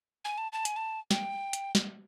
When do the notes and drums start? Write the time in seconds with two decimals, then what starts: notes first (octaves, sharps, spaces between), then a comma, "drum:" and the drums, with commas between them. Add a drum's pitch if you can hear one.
0.25 G#5
0.38 A5
0.53 A5
0.65 G#5, drum: hi-hat
0.76 A5
1.11 G5, drum: snare
1.53 drum: hi-hat
1.75 drum: snare